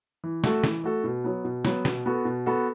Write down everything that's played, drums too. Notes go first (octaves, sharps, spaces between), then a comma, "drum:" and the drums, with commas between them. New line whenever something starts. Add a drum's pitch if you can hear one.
E3
A3 F#4 A4, drum: snare
E3, drum: snare
A3 F#4 A4
B2
F#3 B3
B2
F#3 B3, drum: snare
B2, drum: snare
B3 F#4 A4
B2
B3 F#4 A4